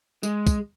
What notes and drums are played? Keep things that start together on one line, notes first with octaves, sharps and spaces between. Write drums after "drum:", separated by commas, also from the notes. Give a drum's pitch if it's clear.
G#3, drum: tambourine
drum: kick, tambourine